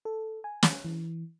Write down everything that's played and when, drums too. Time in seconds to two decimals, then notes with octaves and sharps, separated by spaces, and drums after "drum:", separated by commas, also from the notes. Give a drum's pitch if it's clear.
0.05 A4
0.44 G#5
0.63 drum: snare
0.85 E3